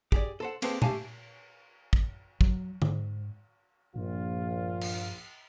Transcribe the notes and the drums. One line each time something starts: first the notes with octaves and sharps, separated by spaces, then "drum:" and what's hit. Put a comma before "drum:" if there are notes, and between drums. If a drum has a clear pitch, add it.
G4 G#4 D5, drum: kick
A4 C5 F#5
A#3 C4 G#4 A4 B4 C5, drum: cymbal
A3 B3 G4 F5 G#5 A5, drum: tom A#2
drum: kick
F#3, drum: kick
G#2, drum: tom D3
A#1 G2 F4
drum: cymbal